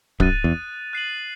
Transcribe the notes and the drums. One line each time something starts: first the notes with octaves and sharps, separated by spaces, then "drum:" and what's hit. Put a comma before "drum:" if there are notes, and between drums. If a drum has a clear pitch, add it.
F#2 D#6 F#6 A6 D#7, drum: kick D1
E2
F#6 C7 D#7 F#7